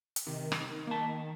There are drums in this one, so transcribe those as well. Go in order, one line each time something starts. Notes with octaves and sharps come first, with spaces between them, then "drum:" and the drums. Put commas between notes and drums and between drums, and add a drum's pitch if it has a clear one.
drum: hi-hat
C3 D#3
drum: rim click
A#3 A5